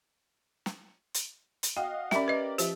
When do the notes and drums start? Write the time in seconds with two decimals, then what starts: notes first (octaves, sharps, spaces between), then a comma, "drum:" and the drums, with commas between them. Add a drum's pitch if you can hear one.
0.66 drum: snare
1.14 drum: hi-hat
1.63 drum: hi-hat
1.77 F#4 D#5 F5 G5
2.11 C#4 G4 A#4 D5 E5, drum: snare
2.28 B4 D#5
2.58 F3 G4 E5, drum: hi-hat